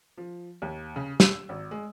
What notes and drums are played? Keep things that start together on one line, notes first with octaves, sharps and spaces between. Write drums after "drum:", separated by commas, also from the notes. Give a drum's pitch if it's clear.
F3
D#2
C#3
E6, drum: snare
G#1
G#3